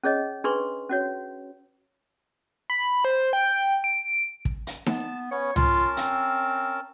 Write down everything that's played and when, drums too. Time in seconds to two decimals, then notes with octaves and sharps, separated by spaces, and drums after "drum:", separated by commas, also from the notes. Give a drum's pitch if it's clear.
0.04 C#4 G#4 C#5 D#5
0.44 D4 G#4 B4 C6 C#6
0.89 C#4 F#4 C#5
2.70 B5
3.05 C5
3.33 G5
3.84 D7
4.45 drum: kick
4.67 drum: hi-hat
4.86 B3 A5, drum: snare D#4
5.31 B3 C#4 C#5
5.56 C#4 F4 A#4 A5, drum: tom
5.97 C4, drum: hi-hat